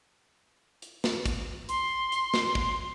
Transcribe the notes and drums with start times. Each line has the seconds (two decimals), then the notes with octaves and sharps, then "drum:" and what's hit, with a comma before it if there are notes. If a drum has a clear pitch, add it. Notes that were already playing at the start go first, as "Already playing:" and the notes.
0.82 drum: hi-hat
1.04 drum: snare
1.26 drum: kick, hi-hat
1.69 C6, drum: hi-hat
2.12 drum: hi-hat
2.34 drum: snare
2.55 drum: kick